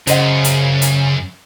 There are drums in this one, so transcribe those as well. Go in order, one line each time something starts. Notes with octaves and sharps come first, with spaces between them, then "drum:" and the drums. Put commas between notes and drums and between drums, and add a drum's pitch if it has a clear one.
F#2 C#3 C5 D#5 F#5, drum: hi-hat
drum: hi-hat
drum: hi-hat